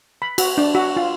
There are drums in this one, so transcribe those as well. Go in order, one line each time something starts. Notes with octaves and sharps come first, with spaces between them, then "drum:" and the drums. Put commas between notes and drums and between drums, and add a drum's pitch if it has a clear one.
B5
F#4, drum: cymbal
D4
F#4
F4